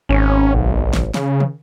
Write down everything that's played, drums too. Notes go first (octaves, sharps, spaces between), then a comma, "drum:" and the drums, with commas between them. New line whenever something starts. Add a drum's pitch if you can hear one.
G#1 C#4
B1
drum: snare
C#3, drum: snare
drum: tom